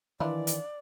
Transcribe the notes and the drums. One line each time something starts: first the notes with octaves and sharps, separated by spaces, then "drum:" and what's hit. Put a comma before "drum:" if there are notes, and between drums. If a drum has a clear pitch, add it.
D#3 E3 D4 E4 F4 D5
drum: hi-hat